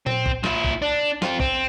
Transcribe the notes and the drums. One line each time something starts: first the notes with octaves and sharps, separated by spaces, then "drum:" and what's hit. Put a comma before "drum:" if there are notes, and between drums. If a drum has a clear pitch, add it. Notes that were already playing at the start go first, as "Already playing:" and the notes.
C4, drum: tom A#2
drum: kick
A#2 E4, drum: snare
drum: kick
D4
C4 F4, drum: snare
C4, drum: kick